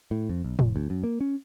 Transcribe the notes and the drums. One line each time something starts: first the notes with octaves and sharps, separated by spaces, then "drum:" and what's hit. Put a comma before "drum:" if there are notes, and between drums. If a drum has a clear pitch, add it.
A2
F2
B1
F1, drum: tom
D2
F#2
A#3
C#4